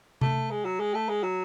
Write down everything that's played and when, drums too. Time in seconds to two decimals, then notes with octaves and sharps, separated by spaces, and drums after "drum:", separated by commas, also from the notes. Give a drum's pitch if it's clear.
0.21 A3, drum: tom C3
0.51 G#3
0.65 F#3
0.80 G#3
0.94 A3
1.09 G#3
1.23 F#3